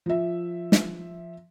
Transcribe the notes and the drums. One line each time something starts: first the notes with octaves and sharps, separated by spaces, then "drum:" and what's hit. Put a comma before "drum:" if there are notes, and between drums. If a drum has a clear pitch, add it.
F3 E5
drum: snare